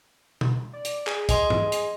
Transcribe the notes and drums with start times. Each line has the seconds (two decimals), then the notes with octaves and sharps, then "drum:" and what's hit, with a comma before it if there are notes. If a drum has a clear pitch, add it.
0.41 drum: tom B2
0.73 D5
0.85 drum: hi-hat
1.07 G#4, drum: clap
1.29 D#5 G#5 C6, drum: kick, hi-hat
1.50 drum: tom G2
1.72 drum: hi-hat